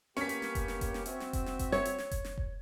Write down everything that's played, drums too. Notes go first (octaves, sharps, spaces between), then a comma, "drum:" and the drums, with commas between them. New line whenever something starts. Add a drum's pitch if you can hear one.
A#3 B3 C#4 G4 B6, drum: snare
drum: hi-hat
drum: snare
drum: kick F1, hi-hat
drum: snare
drum: kick F1, hi-hat
drum: snare
C4 F#4 E5, drum: hi-hat
drum: snare
drum: kick F1, hi-hat
drum: snare
drum: kick F1, hi-hat
C#5 G#6, drum: snare
drum: hi-hat
drum: snare
drum: kick F1, hi-hat
drum: snare
drum: kick F1